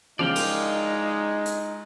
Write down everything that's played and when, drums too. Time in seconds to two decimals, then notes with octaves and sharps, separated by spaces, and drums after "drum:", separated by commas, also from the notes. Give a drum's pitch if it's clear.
0.19 C#3 F3 G#3 D#4 D5 F5 G5
0.36 drum: cymbal
1.46 drum: hi-hat